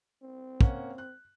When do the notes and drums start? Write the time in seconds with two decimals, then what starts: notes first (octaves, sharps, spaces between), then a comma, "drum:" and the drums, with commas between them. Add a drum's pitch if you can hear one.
0.23 C4
0.61 A#3 C#4 F#5, drum: kick
0.98 F#6